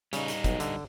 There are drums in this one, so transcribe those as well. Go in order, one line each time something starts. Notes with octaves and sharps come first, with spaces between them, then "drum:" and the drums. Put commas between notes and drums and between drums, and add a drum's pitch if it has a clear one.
C#3 G3 D#4, drum: hi-hat
drum: hi-hat
B1, drum: kick, hi-hat
D3, drum: hi-hat